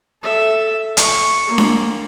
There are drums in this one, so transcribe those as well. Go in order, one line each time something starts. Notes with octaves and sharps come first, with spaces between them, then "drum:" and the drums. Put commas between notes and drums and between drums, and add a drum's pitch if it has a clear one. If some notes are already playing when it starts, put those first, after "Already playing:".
A4 E5
C#6, drum: hi-hat
A#3
drum: snare D4